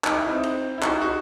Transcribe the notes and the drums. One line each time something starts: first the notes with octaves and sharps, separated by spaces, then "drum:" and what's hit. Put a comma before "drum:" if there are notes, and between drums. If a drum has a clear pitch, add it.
D#4, drum: clap
E4
C4 D#4
drum: cymbal
E4
D#4 F#4, drum: clap
D#4 F#4